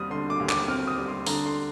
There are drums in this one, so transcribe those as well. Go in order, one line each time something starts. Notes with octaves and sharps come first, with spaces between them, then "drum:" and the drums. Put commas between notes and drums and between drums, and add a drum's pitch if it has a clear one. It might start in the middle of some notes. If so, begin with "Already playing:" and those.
Already playing: D#2 G3 C4 D#6 F6
D3 C6
D6
D#2
D6, drum: clap
C4 F6
D#6
G3
C6
D3 A#5, drum: open hi-hat
C6